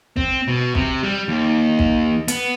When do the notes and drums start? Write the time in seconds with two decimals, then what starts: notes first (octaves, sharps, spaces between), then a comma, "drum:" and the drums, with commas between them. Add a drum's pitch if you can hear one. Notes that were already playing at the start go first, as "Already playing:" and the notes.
0.17 C4, drum: kick
0.48 B2
0.75 C3, drum: kick
1.03 G3
1.28 D#2
1.79 drum: kick
2.28 B3, drum: hi-hat